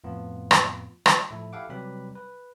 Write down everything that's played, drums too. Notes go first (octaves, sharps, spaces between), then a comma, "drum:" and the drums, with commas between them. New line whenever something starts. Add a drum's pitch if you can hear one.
F2 A2 B3 F4
drum: rim click
drum: rim click
A2 F3 E4 A4
E4 G4 A4 F5 F#5 D6
C3 F#3 G3 G4 B4 B5
B4